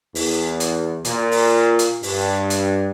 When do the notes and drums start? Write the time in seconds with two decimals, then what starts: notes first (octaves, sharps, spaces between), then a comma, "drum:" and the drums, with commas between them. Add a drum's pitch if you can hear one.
0.15 E2, drum: open hi-hat
0.60 drum: hi-hat
1.05 A#2, drum: hi-hat
1.31 drum: open hi-hat
1.79 drum: hi-hat
2.03 G2, drum: open hi-hat
2.50 drum: hi-hat